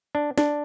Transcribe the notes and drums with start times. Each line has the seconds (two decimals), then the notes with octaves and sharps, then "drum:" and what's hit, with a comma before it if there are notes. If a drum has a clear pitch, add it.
0.15 D4
0.38 D4, drum: snare